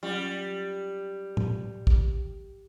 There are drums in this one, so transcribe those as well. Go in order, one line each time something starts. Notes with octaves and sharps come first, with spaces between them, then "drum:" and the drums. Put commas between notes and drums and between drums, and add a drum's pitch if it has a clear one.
F#3 G3 C#4 F4
drum: tom A2
drum: kick